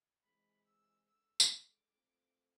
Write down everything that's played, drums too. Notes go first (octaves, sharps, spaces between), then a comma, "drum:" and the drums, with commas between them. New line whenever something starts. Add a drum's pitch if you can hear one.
C3 E3 G#3 B5
E6
G#3 D4 A4 E6
drum: tambourine
D6
A3 C4 F4 A4